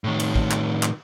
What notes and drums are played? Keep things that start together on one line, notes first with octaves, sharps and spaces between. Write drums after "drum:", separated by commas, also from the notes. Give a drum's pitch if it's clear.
A2 D#3
drum: cymbal
drum: kick
drum: clap
drum: clap